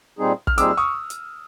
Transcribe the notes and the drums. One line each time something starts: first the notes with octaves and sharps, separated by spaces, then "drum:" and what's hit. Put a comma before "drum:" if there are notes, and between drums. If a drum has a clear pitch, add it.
A#2 G3 C4 D#4 G#4
F6, drum: kick
A#2 G3 C4 D#4 G#4 D6 E6, drum: hi-hat
C#6 D#6
drum: hi-hat